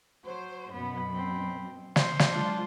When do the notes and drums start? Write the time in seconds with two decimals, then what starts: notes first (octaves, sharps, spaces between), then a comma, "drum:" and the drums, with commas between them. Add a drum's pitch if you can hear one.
0.25 F#3 C5
0.72 F#2 B2 B3 B5
1.14 C4
1.96 C5, drum: snare
2.19 drum: snare
2.31 F#3 G#3 D4 F4